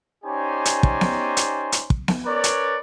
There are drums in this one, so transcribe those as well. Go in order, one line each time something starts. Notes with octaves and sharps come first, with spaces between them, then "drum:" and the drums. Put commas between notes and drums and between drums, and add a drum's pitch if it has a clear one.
C#4 D#4 G4 C5 D5 G#5
drum: hi-hat
drum: kick
drum: snare B3
drum: hi-hat
drum: hi-hat
drum: kick
drum: snare B3
C#4 A#4 B4 C#5 D5
drum: hi-hat